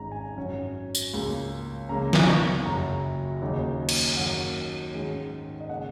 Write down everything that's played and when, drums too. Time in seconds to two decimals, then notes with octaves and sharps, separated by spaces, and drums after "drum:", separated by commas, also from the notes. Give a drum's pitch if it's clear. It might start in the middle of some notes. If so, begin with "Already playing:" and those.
Already playing: G#1 G#2 G#3 C#4 A#5
0.12 G#5
0.37 F#2 F#3 C#4
0.95 drum: tambourine
1.14 C#2 C#3 A#3
1.89 C#2 C#3 A#3 C#4 A#5
2.13 drum: snare
2.28 C#6
2.66 F#1 F#2 F#3 A#5
3.42 D#2 C#3 F#3 A#3 D#4
3.89 drum: cymbal
4.17 F#2 D#3 F#3 A#3 D#4 F#5
4.93 G#2 D#3 G#3 C#4
5.60 D#5
5.69 C#3 A#3 F#5